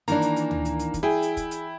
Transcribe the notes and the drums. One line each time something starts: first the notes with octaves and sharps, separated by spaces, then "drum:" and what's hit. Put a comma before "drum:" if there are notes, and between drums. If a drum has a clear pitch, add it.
D#3 E3 A#3 D4 A#5, drum: hi-hat
drum: hi-hat
drum: hi-hat
drum: tom D2
drum: hi-hat
drum: hi-hat
drum: kick, hi-hat
E4 G#4 G5
drum: hi-hat
drum: kick, hi-hat
drum: hi-hat